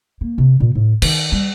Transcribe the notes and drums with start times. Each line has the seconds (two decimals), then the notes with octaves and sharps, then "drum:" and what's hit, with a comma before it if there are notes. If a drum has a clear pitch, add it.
0.21 A#3
0.38 C3
0.60 A#2
0.75 A2
1.02 D#3, drum: cymbal
1.32 G3